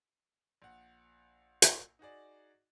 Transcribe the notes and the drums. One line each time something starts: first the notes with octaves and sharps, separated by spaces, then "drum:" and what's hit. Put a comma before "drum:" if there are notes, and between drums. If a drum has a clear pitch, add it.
A#1 F#5
drum: hi-hat
D#4 F#4 G#4 D5